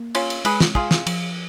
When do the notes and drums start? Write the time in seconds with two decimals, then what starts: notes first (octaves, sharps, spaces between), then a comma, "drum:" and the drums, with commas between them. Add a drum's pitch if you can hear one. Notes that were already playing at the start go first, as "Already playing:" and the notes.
Already playing: A#3
0.15 C#4 F4, drum: cymbal
0.30 drum: cymbal
0.45 G#3 G#4 B4, drum: cymbal
0.60 drum: snare
0.75 F4 G#4, drum: kick
0.91 drum: snare
1.07 F3, drum: cymbal